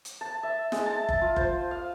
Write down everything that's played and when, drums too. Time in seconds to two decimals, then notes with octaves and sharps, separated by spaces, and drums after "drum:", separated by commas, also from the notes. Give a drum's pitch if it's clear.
0.05 drum: hi-hat
0.21 A5
0.43 E5
0.72 G#3, drum: snare
0.86 A5
1.09 drum: kick F#1
1.21 F4
1.36 C5, drum: kick F#1
1.71 F5